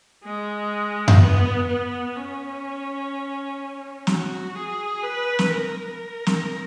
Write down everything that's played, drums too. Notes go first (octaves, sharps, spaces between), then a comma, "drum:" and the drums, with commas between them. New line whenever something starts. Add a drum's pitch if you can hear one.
G#3
drum: tom F#2
B3
B3
C#4
F#4, drum: snare
G#4
B4
drum: snare
A#4
drum: snare